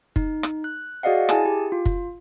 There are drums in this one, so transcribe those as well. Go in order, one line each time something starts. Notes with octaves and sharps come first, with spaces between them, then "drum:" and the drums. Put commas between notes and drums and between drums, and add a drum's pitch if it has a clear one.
D#4, drum: kick
drum: rim click
F#6
F#4 G#4 D5 D#5 F5 F#5
E4 G#4 G#5 A5, drum: rim click
G4
F4
drum: kick